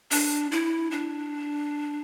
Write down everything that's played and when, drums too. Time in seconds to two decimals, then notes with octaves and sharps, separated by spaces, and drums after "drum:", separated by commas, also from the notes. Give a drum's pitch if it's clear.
0.11 D4, drum: open hi-hat
0.52 E4
0.91 D4